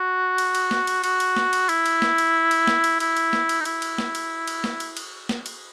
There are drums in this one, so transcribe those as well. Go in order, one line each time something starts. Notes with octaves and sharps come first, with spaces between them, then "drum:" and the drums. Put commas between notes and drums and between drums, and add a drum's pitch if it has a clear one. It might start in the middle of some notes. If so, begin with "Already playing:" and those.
Already playing: F#4
drum: cymbal
drum: cymbal
drum: snare
drum: cymbal
F#4, drum: cymbal
drum: cymbal
drum: snare
drum: cymbal
E4, drum: cymbal
drum: cymbal
drum: snare
drum: cymbal
drum: cymbal
drum: snare
drum: cymbal
E4, drum: cymbal
drum: cymbal
drum: snare
drum: cymbal
D#4
E4, drum: cymbal
drum: cymbal
drum: snare
drum: cymbal
drum: cymbal
drum: snare
drum: cymbal
drum: cymbal
drum: snare
drum: cymbal